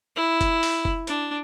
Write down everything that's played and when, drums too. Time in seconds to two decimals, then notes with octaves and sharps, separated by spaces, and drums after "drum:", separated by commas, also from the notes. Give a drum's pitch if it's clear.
0.16 E4
0.41 drum: kick F#1, hi-hat
0.63 drum: open hi-hat
0.85 drum: kick F#1
1.07 D4, drum: hi-hat